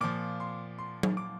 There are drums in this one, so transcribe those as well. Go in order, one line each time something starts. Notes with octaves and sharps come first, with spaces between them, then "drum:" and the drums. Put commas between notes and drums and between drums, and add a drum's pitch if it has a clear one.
A#2 F3 D6
C6
C6
drum: tom F#3
D6